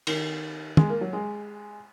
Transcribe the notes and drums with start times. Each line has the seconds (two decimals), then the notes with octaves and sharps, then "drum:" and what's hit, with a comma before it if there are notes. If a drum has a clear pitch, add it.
0.07 D#3, drum: cymbal
0.77 G#3, drum: tom
0.89 A#3
1.01 F#3
1.13 G#3